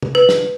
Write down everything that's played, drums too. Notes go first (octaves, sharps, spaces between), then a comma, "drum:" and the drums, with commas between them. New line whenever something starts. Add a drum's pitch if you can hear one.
drum: tom
B4
drum: snare